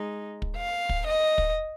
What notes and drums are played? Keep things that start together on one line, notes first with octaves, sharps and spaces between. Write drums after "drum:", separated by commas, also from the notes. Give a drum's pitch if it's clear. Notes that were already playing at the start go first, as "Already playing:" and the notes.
Already playing: G#3 D#4
drum: kick
F5
drum: kick
D#5
drum: kick